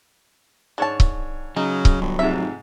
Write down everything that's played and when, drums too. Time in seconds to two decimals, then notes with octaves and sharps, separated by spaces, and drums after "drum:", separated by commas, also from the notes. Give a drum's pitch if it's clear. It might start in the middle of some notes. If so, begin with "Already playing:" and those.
0.78 G#2 D4 C#5 A5
1.00 drum: kick C#1
1.56 C#3 F#3 D#4
1.85 drum: kick C#1
2.01 G1
2.19 F1 G#2 C3 E5